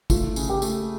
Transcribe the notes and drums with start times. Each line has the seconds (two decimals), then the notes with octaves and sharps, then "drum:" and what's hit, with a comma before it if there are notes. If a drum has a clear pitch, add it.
0.10 A3 F4, drum: kick, tambourine
0.36 C#3, drum: tambourine
0.49 G4
0.62 A3, drum: tambourine